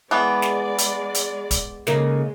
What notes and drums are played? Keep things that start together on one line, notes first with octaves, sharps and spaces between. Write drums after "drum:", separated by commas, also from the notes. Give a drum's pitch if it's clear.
E3 G#3 B3 D5
drum: snare
drum: hi-hat
drum: hi-hat
drum: kick, hi-hat
C#3 G#3 A#3 D#4, drum: snare